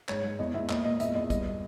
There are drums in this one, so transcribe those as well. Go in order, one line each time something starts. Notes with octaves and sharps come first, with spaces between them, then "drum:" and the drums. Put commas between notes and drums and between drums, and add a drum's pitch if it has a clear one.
G#2 C#5, drum: clap
G#2
E2 D#5
E2 E5
A#2 D#5, drum: clap
A#2 D#5
E2 E5, drum: hi-hat
E2 D#5
G2 D#5, drum: kick, hi-hat